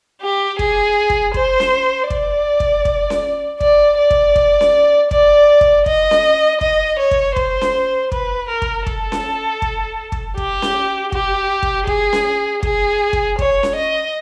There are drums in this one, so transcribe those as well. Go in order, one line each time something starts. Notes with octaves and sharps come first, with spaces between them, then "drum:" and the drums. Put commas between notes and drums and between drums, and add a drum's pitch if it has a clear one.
G4
G#4, drum: kick
drum: kick
C5, drum: kick
drum: snare C#4
D5, drum: kick
drum: kick
drum: kick
drum: snare C#4
D5, drum: kick
D5
drum: kick
drum: kick
drum: snare C#4
D5, drum: kick
drum: kick
D#5, drum: kick
drum: snare C#4
D#5, drum: kick
C#5
drum: kick
C5, drum: kick
drum: snare C#4
B4, drum: kick
A#4
drum: kick
A4, drum: kick
drum: snare C#4
drum: kick
drum: kick
G4, drum: kick
drum: snare C#4
G4, drum: kick
drum: kick
G#4, drum: kick
drum: snare C#4
G#4, drum: kick
drum: kick
C#5, drum: kick
drum: snare C#4
D#5